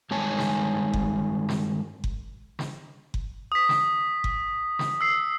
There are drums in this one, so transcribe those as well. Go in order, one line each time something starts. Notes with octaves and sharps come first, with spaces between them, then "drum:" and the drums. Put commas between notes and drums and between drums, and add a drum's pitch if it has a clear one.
G2 D#3 G#3 C#5 G#5 A5
drum: snare
drum: kick F#1
drum: snare
drum: kick F#1
drum: snare
drum: kick F#1
D#6 B6
drum: snare
drum: kick F#1
drum: snare
E6 C7